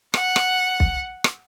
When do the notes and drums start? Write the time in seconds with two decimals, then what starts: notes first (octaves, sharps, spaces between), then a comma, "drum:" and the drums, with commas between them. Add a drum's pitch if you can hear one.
0.14 F#5, drum: rim click
0.36 drum: rim click
0.80 drum: kick
1.24 drum: rim click